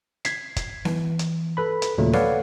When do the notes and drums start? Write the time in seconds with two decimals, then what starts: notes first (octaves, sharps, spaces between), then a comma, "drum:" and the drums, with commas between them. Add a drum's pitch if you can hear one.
0.25 G#6 B6 C7, drum: hi-hat
0.56 drum: kick, hi-hat
0.85 E3, drum: snare B3
1.19 drum: hi-hat
1.57 A4 B4 B5
1.82 drum: hi-hat
1.98 D#2 A#2 C#3 F#3 A3
2.13 A4 B4 C#5 D5 F5 F#5, drum: snare B3